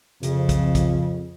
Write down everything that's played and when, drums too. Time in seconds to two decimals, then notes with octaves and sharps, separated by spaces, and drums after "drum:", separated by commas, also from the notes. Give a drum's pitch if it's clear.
0.23 F2 C#3, drum: hi-hat
0.49 drum: kick, hi-hat
0.75 drum: kick, hi-hat